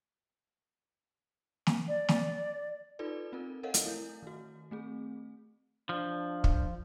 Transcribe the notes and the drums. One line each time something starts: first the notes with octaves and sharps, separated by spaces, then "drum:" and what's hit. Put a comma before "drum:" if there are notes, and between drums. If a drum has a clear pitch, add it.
drum: snare
D5
drum: snare
D#4 F4 A4 B4 D5
C4 F4 A4 A#4
A4 A#4 C#5 D#5 F5 F#5
drum: hi-hat
A3 E4 G6
D#3 F#4
A3 C4 G#4
F3 D4
drum: kick